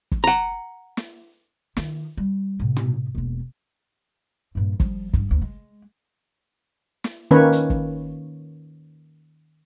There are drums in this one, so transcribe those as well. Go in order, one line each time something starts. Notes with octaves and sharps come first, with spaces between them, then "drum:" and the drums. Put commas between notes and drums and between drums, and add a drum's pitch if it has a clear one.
drum: kick
F#5 A#5
drum: snare
D#3 D#4, drum: snare
G3
A2 C3
drum: tom
E1 A#3
G2 A#2
F3 G3, drum: kick
G2, drum: kick
F#1 D2
G#3
drum: snare
D#3 A#3 C#4 B4 C#5
drum: hi-hat
drum: kick